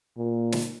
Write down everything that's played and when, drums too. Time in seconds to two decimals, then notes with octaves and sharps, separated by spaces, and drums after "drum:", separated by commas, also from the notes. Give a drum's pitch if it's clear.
0.17 A#2
0.52 drum: snare